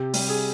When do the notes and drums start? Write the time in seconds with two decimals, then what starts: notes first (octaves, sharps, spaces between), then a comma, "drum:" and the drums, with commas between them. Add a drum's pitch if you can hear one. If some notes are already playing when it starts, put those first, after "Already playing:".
Already playing: C3 G4
0.14 G3, drum: open hi-hat
0.29 G#4